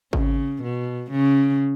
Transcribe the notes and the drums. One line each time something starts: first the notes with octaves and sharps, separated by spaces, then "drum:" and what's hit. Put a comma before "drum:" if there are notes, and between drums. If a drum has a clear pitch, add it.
C#3, drum: kick G#1
B2
C#3